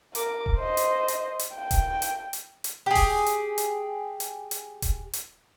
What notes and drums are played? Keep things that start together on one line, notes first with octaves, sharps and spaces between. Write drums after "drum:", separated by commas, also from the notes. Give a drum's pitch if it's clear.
A#4 D6, drum: hi-hat
drum: kick D#1
C5 D#5
drum: hi-hat
drum: hi-hat
drum: hi-hat
G5
drum: kick D#1, hi-hat
drum: hi-hat
drum: hi-hat
drum: hi-hat
G4 G#4
drum: kick D#1, open hi-hat
drum: hi-hat
drum: hi-hat
drum: hi-hat
drum: hi-hat
drum: kick D#1, hi-hat
drum: hi-hat